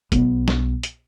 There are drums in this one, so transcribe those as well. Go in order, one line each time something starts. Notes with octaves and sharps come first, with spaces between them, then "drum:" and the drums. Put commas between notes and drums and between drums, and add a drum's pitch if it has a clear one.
B1 B3, drum: kick, hi-hat
drum: snare
drum: hi-hat